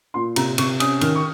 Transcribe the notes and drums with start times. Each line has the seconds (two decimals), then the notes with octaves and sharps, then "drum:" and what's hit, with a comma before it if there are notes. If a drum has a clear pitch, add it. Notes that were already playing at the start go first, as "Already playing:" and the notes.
0.14 A#2 C6
0.36 C3 A#5, drum: cymbal
0.58 C3 C#6, drum: cymbal
0.80 C#4 D#6, drum: cymbal
1.01 D#3 F6, drum: cymbal
1.16 C#6